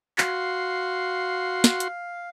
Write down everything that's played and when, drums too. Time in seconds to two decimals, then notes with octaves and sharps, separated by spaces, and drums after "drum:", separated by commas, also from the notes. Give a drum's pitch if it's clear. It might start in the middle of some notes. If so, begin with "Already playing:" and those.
0.18 F#4 F5 C6, drum: clap
1.64 drum: snare
1.80 drum: hi-hat